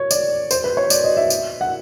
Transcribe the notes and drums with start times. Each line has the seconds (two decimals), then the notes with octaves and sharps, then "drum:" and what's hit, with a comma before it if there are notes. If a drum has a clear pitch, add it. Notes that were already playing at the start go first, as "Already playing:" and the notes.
Already playing: C#5
0.11 D5, drum: tambourine
0.51 C5, drum: tambourine
0.64 B4
0.77 C#5
0.90 D5, drum: tambourine
1.04 D#5
1.17 E5
1.30 drum: tambourine
1.61 F#5